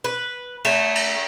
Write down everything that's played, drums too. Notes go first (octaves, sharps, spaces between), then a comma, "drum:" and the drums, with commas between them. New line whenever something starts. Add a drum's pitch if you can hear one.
B4
A3, drum: cymbal
drum: cymbal